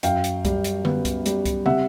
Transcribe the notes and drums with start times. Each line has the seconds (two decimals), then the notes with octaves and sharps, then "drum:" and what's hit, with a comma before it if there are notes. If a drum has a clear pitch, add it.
0.03 F#2 F5 G5, drum: hi-hat
0.24 drum: hi-hat
0.45 G3, drum: kick C2, hi-hat
0.64 drum: hi-hat
0.85 B3, drum: tom D3
1.05 drum: kick C2, hi-hat
1.26 G3, drum: hi-hat
1.46 drum: kick C2, hi-hat
1.66 C3 E5 F#5, drum: tom